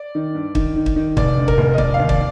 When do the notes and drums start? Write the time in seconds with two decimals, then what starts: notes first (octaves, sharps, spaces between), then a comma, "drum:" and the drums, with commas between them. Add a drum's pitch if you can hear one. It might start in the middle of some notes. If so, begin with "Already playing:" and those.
Already playing: D5
0.15 D#3
0.35 G2
0.55 D#3, drum: kick
0.76 D#3
0.86 drum: kick
0.96 D#3
1.17 F1 D5, drum: kick
1.38 D3
1.48 A#4, drum: kick
1.58 F1
1.74 D#5
1.78 F1 D5, drum: kick
1.94 F5
1.99 D#2
2.09 D5, drum: kick